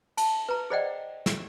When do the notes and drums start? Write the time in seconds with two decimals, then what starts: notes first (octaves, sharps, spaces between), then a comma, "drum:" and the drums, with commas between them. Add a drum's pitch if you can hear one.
0.17 A5, drum: cymbal
0.49 B4 A#5
0.70 G#4 C5 D5 D#5 F#5 G5
1.26 drum: snare